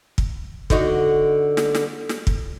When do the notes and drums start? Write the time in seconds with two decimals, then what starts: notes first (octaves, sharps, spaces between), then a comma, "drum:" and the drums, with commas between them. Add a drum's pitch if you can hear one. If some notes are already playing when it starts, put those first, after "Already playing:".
0.18 drum: kick
0.70 D3 D#4 F#4, drum: kick
1.57 drum: snare
1.75 drum: snare
2.09 drum: snare
2.27 drum: kick